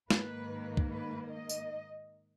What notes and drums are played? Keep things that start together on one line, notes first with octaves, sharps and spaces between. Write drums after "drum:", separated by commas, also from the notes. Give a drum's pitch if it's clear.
G#2 D#3 A#3 B4, drum: snare
drum: kick
B4
D#5
drum: tambourine